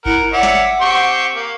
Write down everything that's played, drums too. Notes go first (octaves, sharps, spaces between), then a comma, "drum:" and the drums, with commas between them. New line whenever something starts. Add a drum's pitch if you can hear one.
E4 A#4 F#5, drum: kick G1
C#5 D5 E5 F#5
drum: snare
C4 G4 C#6
A#3